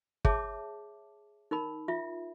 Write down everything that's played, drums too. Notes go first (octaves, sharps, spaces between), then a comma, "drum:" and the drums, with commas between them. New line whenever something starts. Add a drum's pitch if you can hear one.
G#4 C#5 E5 A5 D6, drum: kick
D#4 A#4 B5
F4 E5